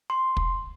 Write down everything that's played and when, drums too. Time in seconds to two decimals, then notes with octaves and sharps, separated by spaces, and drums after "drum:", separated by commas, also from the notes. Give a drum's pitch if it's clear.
0.10 C6
0.37 drum: kick